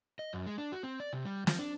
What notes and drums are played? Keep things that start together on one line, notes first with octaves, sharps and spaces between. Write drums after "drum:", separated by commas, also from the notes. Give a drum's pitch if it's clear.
D#5
F#2
G#3
D4
F#4
C4
D5
C3
G3
F3, drum: snare
D4